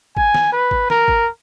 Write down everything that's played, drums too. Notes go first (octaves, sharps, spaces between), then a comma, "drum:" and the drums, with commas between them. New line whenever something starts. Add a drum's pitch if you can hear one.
G#5, drum: kick
drum: snare
B4
drum: kick
A#4, drum: snare
drum: kick